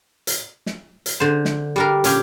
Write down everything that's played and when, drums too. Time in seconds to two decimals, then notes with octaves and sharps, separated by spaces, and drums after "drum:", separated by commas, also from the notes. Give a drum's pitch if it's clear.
0.27 drum: hi-hat
0.66 drum: snare
1.06 drum: hi-hat
1.20 D3 C5
1.45 drum: snare
1.76 G3 D4 A#4
2.04 A#2 C#4 G4, drum: hi-hat